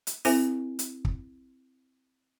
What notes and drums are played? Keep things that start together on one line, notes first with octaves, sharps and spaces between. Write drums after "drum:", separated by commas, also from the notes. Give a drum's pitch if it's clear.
drum: hi-hat
C4 E4 A4 C5 E5 G#5, drum: open hi-hat
drum: hi-hat
drum: kick